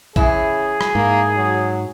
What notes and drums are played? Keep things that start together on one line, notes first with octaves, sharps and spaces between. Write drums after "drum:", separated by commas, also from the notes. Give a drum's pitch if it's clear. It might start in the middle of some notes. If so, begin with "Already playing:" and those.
C#3 E3 E4 G#4, drum: kick A1
drum: rim click
G#2 A#3
F#3